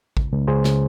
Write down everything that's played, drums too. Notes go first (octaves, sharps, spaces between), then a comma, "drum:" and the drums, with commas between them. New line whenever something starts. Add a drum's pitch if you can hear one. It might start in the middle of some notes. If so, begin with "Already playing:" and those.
C#2, drum: kick A1
C#2
C#2 G#4 C5
C#3, drum: snare